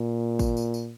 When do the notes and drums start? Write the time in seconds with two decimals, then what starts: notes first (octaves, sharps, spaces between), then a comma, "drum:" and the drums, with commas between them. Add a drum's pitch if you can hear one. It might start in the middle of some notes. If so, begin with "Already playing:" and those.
Already playing: A#2
0.39 drum: kick, tambourine
0.57 drum: tambourine
0.74 drum: tambourine